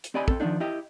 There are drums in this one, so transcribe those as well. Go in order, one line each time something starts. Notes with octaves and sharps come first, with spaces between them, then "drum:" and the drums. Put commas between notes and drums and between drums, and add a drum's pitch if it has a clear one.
drum: hi-hat
C4 G4 D5 D#5 G#5 B5
C4 A4, drum: kick
D#3 F3 F#3 A3 D4 D#4
E4 G4 D#5